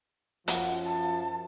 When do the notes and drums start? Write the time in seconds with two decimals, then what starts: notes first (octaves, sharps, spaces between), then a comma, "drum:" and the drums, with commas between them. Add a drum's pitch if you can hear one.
0.48 F#2 F3 F#5, drum: hi-hat
0.85 A5